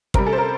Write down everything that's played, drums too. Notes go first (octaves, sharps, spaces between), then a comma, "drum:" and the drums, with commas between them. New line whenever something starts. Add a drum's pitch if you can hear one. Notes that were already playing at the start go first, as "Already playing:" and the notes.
C3 G3 A#4, drum: kick
A4
C5
A#4